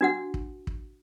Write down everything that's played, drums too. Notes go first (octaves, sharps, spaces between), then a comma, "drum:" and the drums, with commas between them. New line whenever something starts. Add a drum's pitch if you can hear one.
D4 F#4 F#5
drum: kick
drum: kick